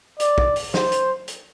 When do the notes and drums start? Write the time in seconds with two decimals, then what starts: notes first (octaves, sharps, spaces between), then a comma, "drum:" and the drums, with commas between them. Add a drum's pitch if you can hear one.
0.20 D5, drum: hi-hat
0.38 drum: kick
0.56 drum: open hi-hat
0.74 C5, drum: snare
0.92 drum: hi-hat
1.28 drum: hi-hat